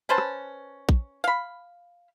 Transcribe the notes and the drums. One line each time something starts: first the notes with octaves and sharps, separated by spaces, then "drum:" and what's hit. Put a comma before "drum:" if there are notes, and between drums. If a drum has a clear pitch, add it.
C#4 B4 C5 A5
drum: rim click
drum: kick
F5 B5